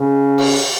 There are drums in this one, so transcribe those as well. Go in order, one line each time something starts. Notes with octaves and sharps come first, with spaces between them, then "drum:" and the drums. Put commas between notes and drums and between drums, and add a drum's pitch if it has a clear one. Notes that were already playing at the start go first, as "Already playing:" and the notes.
Already playing: C#3
drum: cymbal